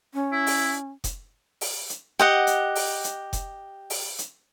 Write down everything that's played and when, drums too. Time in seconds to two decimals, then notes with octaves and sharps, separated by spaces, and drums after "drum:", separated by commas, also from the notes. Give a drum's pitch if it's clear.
0.14 C#4
0.32 E4
0.47 drum: open hi-hat
1.04 drum: kick F1, hi-hat
1.61 drum: open hi-hat
1.90 drum: hi-hat
2.19 G4 D#5 F#5
2.47 drum: hi-hat
2.75 drum: open hi-hat
3.04 drum: hi-hat
3.33 drum: kick F1, hi-hat
3.90 drum: open hi-hat
4.19 drum: hi-hat